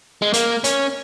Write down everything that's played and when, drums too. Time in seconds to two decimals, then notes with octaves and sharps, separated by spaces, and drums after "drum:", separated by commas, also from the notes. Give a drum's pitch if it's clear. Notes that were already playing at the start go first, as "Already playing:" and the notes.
0.22 G#3
0.34 A#3, drum: hi-hat
0.64 C#4, drum: hi-hat